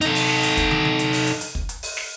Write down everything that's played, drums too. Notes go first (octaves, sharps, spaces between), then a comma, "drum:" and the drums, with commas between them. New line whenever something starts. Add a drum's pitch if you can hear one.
D#4 A4, drum: hi-hat
drum: open hi-hat
drum: snare
drum: hi-hat
drum: kick, hi-hat
drum: tom
drum: tom
drum: hi-hat
drum: open hi-hat
drum: hi-hat
drum: hi-hat
drum: kick
drum: hi-hat
drum: open hi-hat
drum: snare